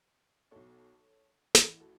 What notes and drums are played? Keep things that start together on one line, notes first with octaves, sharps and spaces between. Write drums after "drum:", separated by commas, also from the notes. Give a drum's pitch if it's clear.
B1 B2 A4 C#5
A1 A2 E3, drum: snare
F#4 A4